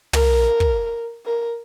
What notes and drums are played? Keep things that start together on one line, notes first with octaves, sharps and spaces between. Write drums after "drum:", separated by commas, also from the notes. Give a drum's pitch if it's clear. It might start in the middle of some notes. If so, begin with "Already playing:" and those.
A#4, drum: tom
drum: kick
A#4